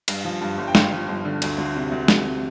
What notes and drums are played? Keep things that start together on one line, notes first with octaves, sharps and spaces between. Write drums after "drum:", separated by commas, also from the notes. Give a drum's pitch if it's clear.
G2, drum: cymbal
F3
G2
G1
G5
G1 F5, drum: snare
F3
G1
D3
D2, drum: cymbal
D2
C3
D2
C3, drum: snare
C3